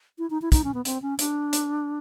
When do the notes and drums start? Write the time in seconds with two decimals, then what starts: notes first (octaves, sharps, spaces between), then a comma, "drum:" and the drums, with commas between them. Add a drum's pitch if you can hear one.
0.18 E4
0.30 D#4
0.42 E4
0.52 D#4, drum: kick, hi-hat
0.64 C#4
0.74 B3
0.85 C4, drum: hi-hat
1.02 C#4
1.19 D4, drum: hi-hat
1.53 drum: hi-hat